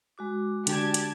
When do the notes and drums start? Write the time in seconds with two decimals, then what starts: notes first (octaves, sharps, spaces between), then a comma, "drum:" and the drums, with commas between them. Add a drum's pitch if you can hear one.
0.18 G#3 F#4 D6
0.67 D3 D4 G4 A4 A5 G#6, drum: hi-hat
0.94 drum: hi-hat